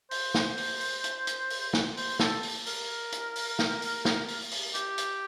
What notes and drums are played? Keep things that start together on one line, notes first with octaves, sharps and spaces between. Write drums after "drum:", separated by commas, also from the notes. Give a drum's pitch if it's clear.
C5, drum: open hi-hat
drum: snare
drum: open hi-hat
drum: open hi-hat
drum: hi-hat
drum: hi-hat
drum: open hi-hat
drum: snare
C5, drum: open hi-hat
A4, drum: snare
drum: open hi-hat
A#4, drum: open hi-hat
drum: hi-hat
drum: open hi-hat
drum: snare
drum: open hi-hat
drum: snare
drum: open hi-hat
drum: open hi-hat
G4, drum: hi-hat
drum: hi-hat